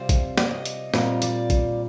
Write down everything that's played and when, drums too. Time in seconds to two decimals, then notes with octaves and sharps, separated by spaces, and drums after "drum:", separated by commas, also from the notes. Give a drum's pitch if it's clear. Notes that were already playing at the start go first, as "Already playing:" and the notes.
Already playing: C3 G3 C4 F4 C5
0.09 drum: kick, hi-hat
0.38 D5, drum: snare
0.51 D#5
0.65 drum: hi-hat
0.94 A#2 G3 C4 F4, drum: snare
1.22 D5, drum: hi-hat
1.50 drum: kick, hi-hat